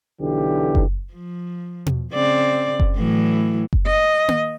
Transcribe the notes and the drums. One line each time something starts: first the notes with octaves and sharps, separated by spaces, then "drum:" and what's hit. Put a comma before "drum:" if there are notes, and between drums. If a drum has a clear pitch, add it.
B1 D3 E3 G4
drum: kick F#1
F3
drum: tom B2
C#3 C4 D5
drum: kick F#1
A2 E3 F#3
drum: kick F#1
D#5
drum: tom A#3